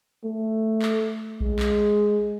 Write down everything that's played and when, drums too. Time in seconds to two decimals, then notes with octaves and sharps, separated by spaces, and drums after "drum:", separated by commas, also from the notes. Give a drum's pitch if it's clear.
0.24 A3
0.82 drum: clap
1.40 G#3, drum: kick A#1
1.59 drum: clap